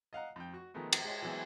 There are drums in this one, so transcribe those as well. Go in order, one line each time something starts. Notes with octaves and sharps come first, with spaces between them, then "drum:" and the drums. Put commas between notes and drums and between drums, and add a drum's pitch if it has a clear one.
D#5 F5 F#5 A#5
F2 G5
F#4 C#6
D#3 F3 G#3 A3 B3 D#4
drum: cymbal
G#3 C#5
E3 F#3 G#3 B3 G#4 E5